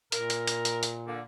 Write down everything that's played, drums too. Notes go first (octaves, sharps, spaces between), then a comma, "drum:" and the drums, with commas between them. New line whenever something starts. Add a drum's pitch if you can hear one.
A#2 A#4, drum: hi-hat
drum: hi-hat
drum: hi-hat
drum: hi-hat
drum: hi-hat
D3 A#3